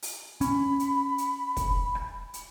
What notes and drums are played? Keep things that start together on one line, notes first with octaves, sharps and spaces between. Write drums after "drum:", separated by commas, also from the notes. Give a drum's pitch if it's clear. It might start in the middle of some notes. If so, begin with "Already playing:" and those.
drum: open hi-hat
C#4 B5, drum: hi-hat
drum: hi-hat
drum: hi-hat
drum: kick, hi-hat
drum: rim click
drum: hi-hat